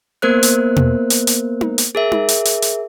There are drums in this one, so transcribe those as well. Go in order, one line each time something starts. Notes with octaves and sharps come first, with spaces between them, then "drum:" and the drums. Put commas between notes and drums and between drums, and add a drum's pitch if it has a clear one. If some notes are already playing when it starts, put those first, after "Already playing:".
A#3 B3 A#4 C5 F#6
drum: hi-hat
drum: tom B2
drum: hi-hat
drum: hi-hat
drum: tom D#4
drum: hi-hat
G#4 A#4 E5
drum: tom D#4
drum: hi-hat
drum: hi-hat
drum: hi-hat